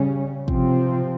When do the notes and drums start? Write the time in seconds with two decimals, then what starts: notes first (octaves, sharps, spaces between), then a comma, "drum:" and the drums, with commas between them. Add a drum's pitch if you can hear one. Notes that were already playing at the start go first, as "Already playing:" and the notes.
Already playing: C#3 G3 C#4
0.48 C3 F3 C4, drum: kick